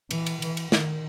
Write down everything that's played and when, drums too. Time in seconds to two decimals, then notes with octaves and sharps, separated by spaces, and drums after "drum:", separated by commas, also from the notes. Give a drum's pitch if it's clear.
0.11 E3, drum: cymbal
0.26 drum: cymbal
0.42 E3, drum: cymbal
0.57 drum: cymbal
0.72 D#3, drum: snare